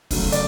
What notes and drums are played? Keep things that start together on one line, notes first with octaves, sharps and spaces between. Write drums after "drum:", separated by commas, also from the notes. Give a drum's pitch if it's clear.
C#3 F#3 A3 C#4, drum: kick, open hi-hat
D5, drum: hi-hat